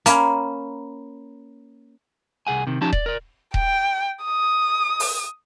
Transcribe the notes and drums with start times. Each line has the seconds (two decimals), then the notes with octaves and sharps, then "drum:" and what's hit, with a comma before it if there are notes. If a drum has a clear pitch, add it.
0.06 A#3 C#4 A#5 B5, drum: hi-hat
2.47 C2 G#4 F#5 G#5
2.67 C3 D#3
2.81 F3 C#4 D#4 G4 A5
2.93 D5, drum: kick D#1
3.06 A#4 D5
3.54 G5, drum: kick D#1
4.25 D#6
5.00 drum: open hi-hat